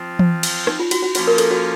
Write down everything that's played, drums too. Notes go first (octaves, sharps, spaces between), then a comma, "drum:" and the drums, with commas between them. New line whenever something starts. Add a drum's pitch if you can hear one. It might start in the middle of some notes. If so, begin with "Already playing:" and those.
Already playing: F3 C4 F4
drum: tom E3
drum: cymbal
D#4, drum: rim click
F4
F#4, drum: cymbal
F#4
F3 A#3 C#4 F4 F#4, drum: cymbal
A#4
A4, drum: cymbal
F#4